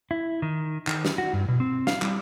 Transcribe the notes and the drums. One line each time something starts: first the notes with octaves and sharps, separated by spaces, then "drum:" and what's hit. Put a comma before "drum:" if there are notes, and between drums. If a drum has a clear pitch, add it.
E4
D#3
D#3, drum: clap
drum: snare
F#4
G2
B2
C4
F5, drum: snare
G3, drum: clap